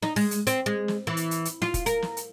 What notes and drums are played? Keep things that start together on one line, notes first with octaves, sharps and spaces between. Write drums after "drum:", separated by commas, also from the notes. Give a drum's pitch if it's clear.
D#4, drum: snare
G#3, drum: open hi-hat
drum: hi-hat
C4, drum: hi-hat
G#3
drum: snare
E3
drum: hi-hat
drum: hi-hat
drum: hi-hat
F4, drum: snare
drum: kick, hi-hat
A#4, drum: hi-hat
drum: snare
drum: hi-hat